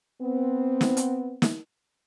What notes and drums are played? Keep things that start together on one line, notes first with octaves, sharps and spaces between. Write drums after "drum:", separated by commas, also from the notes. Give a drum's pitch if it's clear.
B3 C4
drum: snare
drum: hi-hat
drum: snare